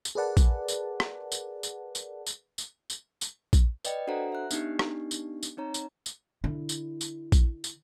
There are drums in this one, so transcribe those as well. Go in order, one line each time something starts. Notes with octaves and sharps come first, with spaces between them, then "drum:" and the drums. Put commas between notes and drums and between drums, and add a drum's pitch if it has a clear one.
drum: tambourine
G#4 A#4 B4 D5 F#5 A5
drum: kick A#1, tambourine
drum: tambourine
drum: rim click
drum: tambourine
drum: tambourine
drum: tambourine
drum: tambourine
drum: tambourine
drum: tambourine
drum: tambourine
drum: kick A#1, tambourine
B4 D5 D#5 G5, drum: tambourine
D4 F#4 A4 C5 F#5 A#5
E5 F#6
B3 D4 D#4 G4, drum: tambourine
drum: rim click
drum: tambourine
drum: tambourine
C4 D#4 C#5 A#5
drum: tambourine
drum: tambourine
D3 E4
drum: tambourine
drum: tambourine
drum: kick A#1, tambourine
drum: tambourine